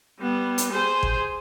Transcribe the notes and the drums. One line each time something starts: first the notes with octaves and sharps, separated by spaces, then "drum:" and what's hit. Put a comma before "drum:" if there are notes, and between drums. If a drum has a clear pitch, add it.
G3 B3
drum: hi-hat
G#4 C5
drum: kick